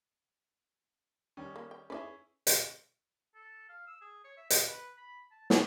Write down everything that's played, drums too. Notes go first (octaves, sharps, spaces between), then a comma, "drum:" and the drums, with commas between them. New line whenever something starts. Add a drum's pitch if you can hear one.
D#3 G3 C#4
A#3
G5
C#4 E4 G#4 B4 D5 E5
drum: hi-hat
A4
F5
E6
G#4
C#5
E5
D#5, drum: hi-hat
B4
B5
A5
D#5, drum: snare